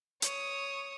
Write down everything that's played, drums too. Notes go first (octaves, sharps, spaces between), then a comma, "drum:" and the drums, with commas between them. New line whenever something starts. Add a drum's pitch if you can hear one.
C#5 D#6, drum: hi-hat